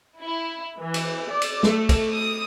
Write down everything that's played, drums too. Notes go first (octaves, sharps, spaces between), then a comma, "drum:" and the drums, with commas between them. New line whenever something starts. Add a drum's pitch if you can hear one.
E4
E3
drum: cymbal
D5
drum: cymbal
A3, drum: snare
drum: kick, cymbal
D#6